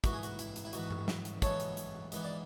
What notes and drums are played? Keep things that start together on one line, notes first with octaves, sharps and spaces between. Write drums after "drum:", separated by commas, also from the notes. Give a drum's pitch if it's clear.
G#2 E3 B3 F#4, drum: kick, hi-hat
G#4
F#4, drum: hi-hat
E4, drum: hi-hat
drum: hi-hat
E4
G#2 E3 B3 F#4, drum: hi-hat
drum: tom G2
drum: snare
drum: hi-hat
G#2 E3 B3 A4 C#5, drum: kick, hi-hat
drum: hi-hat
drum: hi-hat
G#2 E3 B3, drum: hi-hat
D5